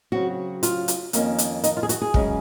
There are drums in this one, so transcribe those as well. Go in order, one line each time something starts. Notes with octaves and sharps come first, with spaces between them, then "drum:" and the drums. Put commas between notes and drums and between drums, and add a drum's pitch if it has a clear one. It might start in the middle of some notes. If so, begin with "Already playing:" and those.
C#3 F#3 C4 F#4
F4, drum: hi-hat
drum: hi-hat
F2 D#3 A#3 C#4, drum: hi-hat
drum: hi-hat
D#4, drum: hi-hat
F4
G#4
F#4, drum: hi-hat
G#4
F#2 C#3 G#3 C#4, drum: kick